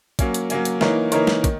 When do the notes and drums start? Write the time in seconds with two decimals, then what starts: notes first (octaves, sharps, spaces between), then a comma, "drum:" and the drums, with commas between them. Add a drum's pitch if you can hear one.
0.19 F#3 A#3 C#4, drum: kick, hi-hat
0.34 drum: hi-hat
0.50 F#3 A#3 C#4, drum: hi-hat
0.65 drum: hi-hat
0.81 E3 A#3 D#4 A#4 C#5, drum: snare
1.12 E3 A#3 D#4 A#4 C#5, drum: hi-hat
1.27 drum: snare
1.44 D#3, drum: kick, hi-hat